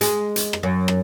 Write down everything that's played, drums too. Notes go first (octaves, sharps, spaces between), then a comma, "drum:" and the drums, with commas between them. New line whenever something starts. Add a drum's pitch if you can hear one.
G#3, drum: hi-hat
drum: hi-hat
drum: rim click
F#2
drum: rim click